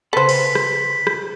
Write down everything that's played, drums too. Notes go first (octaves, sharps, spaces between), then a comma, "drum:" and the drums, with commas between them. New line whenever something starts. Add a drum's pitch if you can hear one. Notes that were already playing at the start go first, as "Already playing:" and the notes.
C#3 A4 B4 C5 B5 B6
drum: cymbal
drum: rim click
drum: rim click